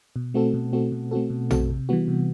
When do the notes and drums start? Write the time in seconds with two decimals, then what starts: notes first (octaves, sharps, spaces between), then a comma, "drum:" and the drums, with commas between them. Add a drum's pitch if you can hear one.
0.16 B2
0.34 A3 C4 F#4 A4
0.54 B2
0.73 A3 C4 F#4 A4
0.92 B2
1.11 A3 C4 F#4 A4
1.30 B2
1.51 A3 C4 F#4 A4, drum: tom A#1
1.70 C3
1.89 E3 G3 B3 F#4
2.08 C3